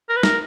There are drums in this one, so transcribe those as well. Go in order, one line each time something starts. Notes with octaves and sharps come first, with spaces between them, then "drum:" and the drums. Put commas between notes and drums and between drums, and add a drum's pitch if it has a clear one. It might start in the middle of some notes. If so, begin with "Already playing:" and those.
A#4
B4
A#4, drum: snare